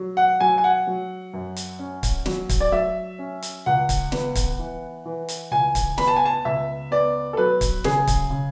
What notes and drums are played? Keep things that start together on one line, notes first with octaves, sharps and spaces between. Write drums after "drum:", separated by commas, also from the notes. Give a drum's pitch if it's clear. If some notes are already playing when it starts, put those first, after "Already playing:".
Already playing: F#3
F#5
F#3 G#5
G#5
F#5
F#3
F#2
drum: hi-hat
C#4
drum: kick, hi-hat
F#3, drum: snare
drum: kick, hi-hat
D5
F#3 E5
C#4
drum: hi-hat
C#2 F#5
drum: kick, hi-hat
B3, drum: snare
drum: kick, hi-hat
E3
E3
drum: hi-hat
C#2 G#5
drum: kick, hi-hat
B3 B5, drum: snare
A5
G#5
A5
C#2 E5
B3 D5
A4
F#3 B4
drum: kick, hi-hat
C#3 G#4, drum: snare
drum: kick, hi-hat
C#3